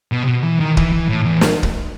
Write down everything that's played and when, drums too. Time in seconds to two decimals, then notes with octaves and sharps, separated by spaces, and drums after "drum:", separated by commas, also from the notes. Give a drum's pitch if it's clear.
0.12 B2
0.23 C3
0.27 B2
0.44 E3
0.60 D#3
0.77 E3, drum: kick
0.92 E3
1.09 A2
1.25 E2
1.41 drum: snare
1.63 drum: kick